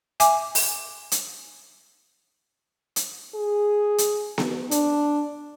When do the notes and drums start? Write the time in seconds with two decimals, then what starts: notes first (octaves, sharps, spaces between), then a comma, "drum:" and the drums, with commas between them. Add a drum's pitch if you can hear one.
0.20 E5 G#5 D6, drum: hi-hat
0.55 drum: open hi-hat
1.12 drum: hi-hat
2.96 drum: hi-hat
3.35 G#4
3.98 drum: hi-hat
4.38 drum: snare B3
4.71 D4, drum: hi-hat